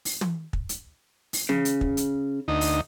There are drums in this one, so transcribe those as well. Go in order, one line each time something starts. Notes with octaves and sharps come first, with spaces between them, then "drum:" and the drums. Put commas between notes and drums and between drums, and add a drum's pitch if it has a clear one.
drum: open hi-hat
drum: tom
drum: kick
drum: hi-hat
drum: open hi-hat
C#3, drum: tom
drum: hi-hat
drum: kick
drum: hi-hat
D2 D#4
drum: open hi-hat